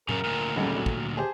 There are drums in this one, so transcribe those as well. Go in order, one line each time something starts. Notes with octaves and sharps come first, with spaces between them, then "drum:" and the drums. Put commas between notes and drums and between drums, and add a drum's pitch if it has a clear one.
F#2 C#3 A#4, drum: tom
D2 A#2
G#1 F#2 D3 G3
F#3
drum: kick
G4 G#4 C5 A5